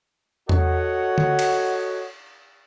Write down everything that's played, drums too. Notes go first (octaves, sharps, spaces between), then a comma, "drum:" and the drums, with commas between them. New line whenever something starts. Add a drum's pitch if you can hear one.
F#4 A4 C#5 D#5 F#5, drum: tom E2
drum: tom D3
drum: cymbal